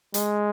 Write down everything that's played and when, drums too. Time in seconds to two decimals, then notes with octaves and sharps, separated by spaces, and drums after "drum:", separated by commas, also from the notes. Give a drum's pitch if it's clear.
0.14 G#3, drum: hi-hat